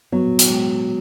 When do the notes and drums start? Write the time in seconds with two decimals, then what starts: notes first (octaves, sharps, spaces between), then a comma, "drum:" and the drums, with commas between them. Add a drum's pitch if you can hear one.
0.12 F#3 B3
0.39 drum: hi-hat
0.50 G#3